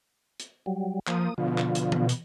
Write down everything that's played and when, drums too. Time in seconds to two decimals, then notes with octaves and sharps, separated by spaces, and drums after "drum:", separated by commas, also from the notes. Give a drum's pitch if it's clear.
0.40 drum: hi-hat
0.66 F#3 G3
1.07 F3 A#3 D#6, drum: clap
1.38 B2 D3 F3 F4
1.58 drum: clap
1.75 drum: hi-hat
1.92 drum: tom E3
2.09 drum: hi-hat